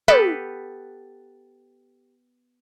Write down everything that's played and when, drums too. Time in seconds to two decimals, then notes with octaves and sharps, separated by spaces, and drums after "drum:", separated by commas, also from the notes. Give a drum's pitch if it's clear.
0.08 B3 G4 A4 B4, drum: tom